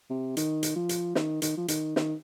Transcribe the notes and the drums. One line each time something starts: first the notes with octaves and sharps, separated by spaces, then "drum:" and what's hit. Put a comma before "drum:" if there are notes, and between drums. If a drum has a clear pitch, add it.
C3
D#3, drum: hi-hat
drum: hi-hat
F3
drum: hi-hat
D#3, drum: snare
D#3, drum: hi-hat
F3
D#3, drum: hi-hat
D#3, drum: snare